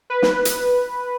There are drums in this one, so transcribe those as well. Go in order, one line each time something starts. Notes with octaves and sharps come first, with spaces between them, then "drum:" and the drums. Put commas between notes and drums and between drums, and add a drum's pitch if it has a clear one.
B4
drum: snare
drum: hi-hat